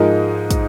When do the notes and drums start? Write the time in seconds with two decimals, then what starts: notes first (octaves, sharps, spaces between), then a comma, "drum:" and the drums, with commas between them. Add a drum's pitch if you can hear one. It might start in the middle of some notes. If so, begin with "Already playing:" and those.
Already playing: G#2 F3 G#3 D#4 A#4
0.51 drum: kick, hi-hat